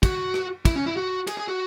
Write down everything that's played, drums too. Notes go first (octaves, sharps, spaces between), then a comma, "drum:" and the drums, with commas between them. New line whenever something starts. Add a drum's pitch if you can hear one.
F#4, drum: kick, cymbal
drum: rim click
E4, drum: kick, cymbal
C#4
E4
F#4
G#4, drum: cymbal
G#4
F#4